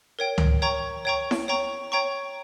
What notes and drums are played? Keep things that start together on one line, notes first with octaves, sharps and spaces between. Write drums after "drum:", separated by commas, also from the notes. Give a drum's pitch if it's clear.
A#4 C#5 G5
drum: tom C#2
C#5 G5 A#5 C#6
C#5 G5 A#5 C#6
drum: snare E4
C#5 G5 A#5 C#6
C#5 G5 A#5 C#6